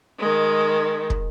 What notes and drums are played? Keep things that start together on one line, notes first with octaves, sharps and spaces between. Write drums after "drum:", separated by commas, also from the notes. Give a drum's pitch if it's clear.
D#3 G#3
drum: kick